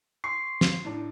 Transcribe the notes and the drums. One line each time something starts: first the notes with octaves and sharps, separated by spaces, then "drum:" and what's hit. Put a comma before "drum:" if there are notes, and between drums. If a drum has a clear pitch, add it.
C6 C#6 C7
drum: snare
A2 D4 D#4